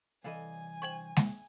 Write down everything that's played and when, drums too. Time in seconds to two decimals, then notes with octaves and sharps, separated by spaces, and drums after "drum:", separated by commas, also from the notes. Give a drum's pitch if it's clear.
0.24 C2 E3 A4 D5 D#5 F5 G#5
0.82 D4 C5 G5 C#6 G#6 F#7
1.16 drum: snare G#3